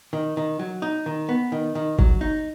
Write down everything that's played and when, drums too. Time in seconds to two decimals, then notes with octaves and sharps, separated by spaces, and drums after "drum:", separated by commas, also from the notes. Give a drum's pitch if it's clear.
0.13 D#3
0.37 D#3
0.59 F#3
0.82 D#4
1.06 D#3
1.29 B3
1.52 D#3
1.75 D#3
1.99 F#3, drum: kick
2.21 D#4